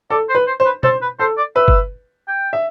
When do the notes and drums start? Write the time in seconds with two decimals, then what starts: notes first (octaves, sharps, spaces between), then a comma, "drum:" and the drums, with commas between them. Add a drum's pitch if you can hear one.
0.10 A4 D5
0.29 C5
0.35 B4
0.47 C5
0.60 C5
0.65 B4
0.83 A4 C5, drum: tom
1.02 B4
1.19 A4 C5
1.37 D5
1.56 B4 E5
1.68 drum: kick G1
2.28 G5
2.53 E5